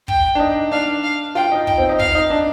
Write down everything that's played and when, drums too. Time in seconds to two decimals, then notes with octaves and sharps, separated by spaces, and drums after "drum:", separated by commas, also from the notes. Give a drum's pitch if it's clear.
0.08 G5, drum: kick
0.35 D4
0.40 D#4
0.72 D4 F5
1.04 F5
1.35 F4 G5
1.52 D#4
1.67 G5, drum: kick
1.78 C4
1.89 D#4
1.99 F5, drum: kick
2.15 D#4
2.30 D4